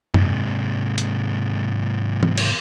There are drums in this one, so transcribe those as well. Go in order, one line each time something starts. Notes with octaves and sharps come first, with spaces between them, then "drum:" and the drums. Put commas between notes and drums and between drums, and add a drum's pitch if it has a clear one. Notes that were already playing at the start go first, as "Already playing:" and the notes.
G#2 C3, drum: tom F#2
drum: hi-hat
drum: tom E3
drum: cymbal